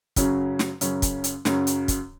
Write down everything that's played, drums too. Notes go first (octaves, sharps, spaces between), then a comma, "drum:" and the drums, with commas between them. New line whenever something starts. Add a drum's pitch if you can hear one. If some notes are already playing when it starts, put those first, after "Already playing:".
F#2 C#3 F#3 C#4, drum: kick, hi-hat
drum: snare
F#2 C#3 F#3 C#4, drum: hi-hat
drum: kick, hi-hat
drum: hi-hat
F#2 C#3 F#3 C#4, drum: snare
drum: hi-hat
drum: kick, hi-hat